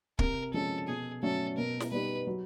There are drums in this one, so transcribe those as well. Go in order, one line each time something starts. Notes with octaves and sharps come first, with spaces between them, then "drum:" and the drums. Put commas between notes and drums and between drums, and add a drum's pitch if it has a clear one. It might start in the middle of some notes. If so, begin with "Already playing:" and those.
C3 A#4, drum: kick
F3 G#3 C#4 A4
B2 G#4
F#3 A3 C#4 A4
B2 A#4
drum: snare
G3 B3 D#4 G4 B4
F#3